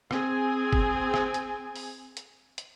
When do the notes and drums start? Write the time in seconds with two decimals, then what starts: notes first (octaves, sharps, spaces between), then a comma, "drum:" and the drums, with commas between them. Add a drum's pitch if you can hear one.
0.11 C4 G#4 G#5, drum: rim click
0.73 drum: kick G1
1.14 drum: rim click
1.34 drum: hi-hat
1.76 drum: open hi-hat
2.17 drum: hi-hat
2.58 drum: hi-hat